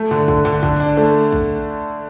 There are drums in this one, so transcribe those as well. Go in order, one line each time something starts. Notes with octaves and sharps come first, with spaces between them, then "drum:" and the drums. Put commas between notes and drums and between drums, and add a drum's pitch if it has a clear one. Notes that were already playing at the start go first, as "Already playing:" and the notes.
Already playing: A3
D3
D3, drum: kick
D3
D3, drum: kick
D4
A3
drum: kick